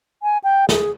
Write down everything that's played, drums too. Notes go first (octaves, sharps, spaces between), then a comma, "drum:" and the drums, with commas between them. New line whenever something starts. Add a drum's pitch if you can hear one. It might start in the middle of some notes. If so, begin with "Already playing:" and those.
G#5
G5
G#4, drum: snare